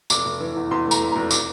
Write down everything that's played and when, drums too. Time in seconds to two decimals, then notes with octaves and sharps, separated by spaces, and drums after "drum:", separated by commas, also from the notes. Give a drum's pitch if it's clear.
0.10 F1 D6, drum: tambourine
0.25 F1
0.40 E3
0.56 E2
0.71 E2 C6
0.86 A3
0.91 A#5, drum: tambourine
1.01 F1
1.12 A#5
1.16 F1
1.31 D6, drum: tambourine